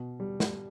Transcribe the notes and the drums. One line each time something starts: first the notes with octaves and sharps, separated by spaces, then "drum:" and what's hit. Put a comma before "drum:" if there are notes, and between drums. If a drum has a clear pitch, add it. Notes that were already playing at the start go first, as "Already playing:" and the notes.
Already playing: B2
G3
drum: snare